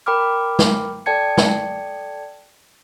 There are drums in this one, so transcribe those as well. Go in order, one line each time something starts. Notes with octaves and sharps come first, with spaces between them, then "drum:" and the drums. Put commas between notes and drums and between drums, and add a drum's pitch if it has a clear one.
A#4 G5 B5 D6 F6
drum: snare
A4 D5 G5 A5 G#6 C#7
drum: snare